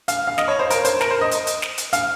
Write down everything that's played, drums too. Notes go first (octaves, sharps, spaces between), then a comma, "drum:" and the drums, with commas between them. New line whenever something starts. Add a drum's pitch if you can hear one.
F5, drum: hi-hat
F5
D#5, drum: snare
C#5
C5
A#4, drum: hi-hat
C5, drum: hi-hat
A#4, drum: snare
C5
D#5
drum: hi-hat
drum: hi-hat
drum: snare
drum: hi-hat
F5, drum: hi-hat